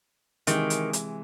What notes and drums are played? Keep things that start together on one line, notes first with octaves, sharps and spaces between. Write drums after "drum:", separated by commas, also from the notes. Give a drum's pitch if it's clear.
C3 D#3 E3 G#3, drum: hi-hat
drum: hi-hat
drum: hi-hat